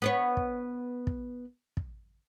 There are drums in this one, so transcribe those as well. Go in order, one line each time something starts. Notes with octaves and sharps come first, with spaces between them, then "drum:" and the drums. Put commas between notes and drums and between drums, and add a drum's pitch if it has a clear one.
B3 B4 C#5
drum: kick
drum: kick
drum: kick